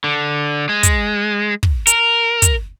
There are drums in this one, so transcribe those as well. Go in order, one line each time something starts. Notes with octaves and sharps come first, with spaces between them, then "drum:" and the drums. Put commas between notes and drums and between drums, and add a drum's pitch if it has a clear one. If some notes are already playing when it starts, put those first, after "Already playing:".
D3
G#3
drum: kick, hi-hat
drum: kick
A#4, drum: hi-hat
drum: kick, hi-hat